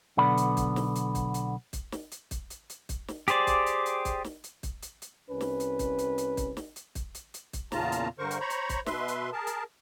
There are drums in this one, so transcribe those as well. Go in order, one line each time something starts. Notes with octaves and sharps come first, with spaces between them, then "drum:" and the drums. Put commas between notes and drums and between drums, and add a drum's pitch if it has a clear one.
B1 D3 B3 D5 B5
drum: hi-hat
drum: kick, hi-hat
drum: snare
drum: hi-hat
drum: kick, hi-hat
drum: hi-hat
drum: kick, hi-hat
drum: snare
drum: hi-hat
drum: kick, hi-hat
drum: hi-hat
drum: hi-hat
drum: kick, hi-hat
drum: snare
G4 G#4 C5 D5, drum: hi-hat
drum: kick, hi-hat
drum: hi-hat
drum: hi-hat
drum: kick, hi-hat
drum: snare
drum: hi-hat
drum: kick, hi-hat
drum: hi-hat
drum: hi-hat
C2 C#4 B4
drum: snare
drum: hi-hat
drum: kick, hi-hat
drum: hi-hat
drum: hi-hat
drum: kick, hi-hat
drum: snare
drum: hi-hat
drum: kick, hi-hat
drum: hi-hat
drum: hi-hat
drum: kick, hi-hat
E2 A#2 C#3 F4 A5 A#5, drum: snare
drum: hi-hat
G2 D3 A#4 C5 C#6
drum: hi-hat
C5 C#5 A#5 B5 C#6
drum: hi-hat
drum: kick, hi-hat
B2 B4 E5 C6, drum: snare
drum: hi-hat
G#4 A#4 A5
drum: hi-hat